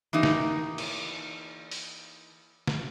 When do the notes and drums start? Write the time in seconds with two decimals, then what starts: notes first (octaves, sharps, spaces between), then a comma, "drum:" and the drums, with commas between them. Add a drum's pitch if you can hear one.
0.13 E3 A#3 D#4 G4
0.23 drum: snare
0.78 drum: cymbal
1.71 drum: open hi-hat
2.67 drum: snare